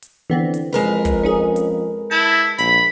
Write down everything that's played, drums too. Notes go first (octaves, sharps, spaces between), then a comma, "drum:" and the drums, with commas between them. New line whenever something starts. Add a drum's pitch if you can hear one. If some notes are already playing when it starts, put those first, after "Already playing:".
drum: hi-hat
D3 E3 B3 C4
drum: hi-hat
F2 G#3 A#4 B4
drum: kick, hi-hat
C#4 D#4 G#4
drum: hi-hat
E4 A5 G6 G#6
A#1 B5 B6, drum: hi-hat